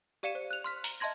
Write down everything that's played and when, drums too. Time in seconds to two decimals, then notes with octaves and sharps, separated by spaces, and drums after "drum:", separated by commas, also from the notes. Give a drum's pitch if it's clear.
0.23 G4 D5 F5 C#7 D#7 E7
0.35 C5
0.51 F#6 F7
0.64 C6 F6 B6
0.84 A#5, drum: open hi-hat
1.00 D#5 E5 A5 C6 G#6 A#6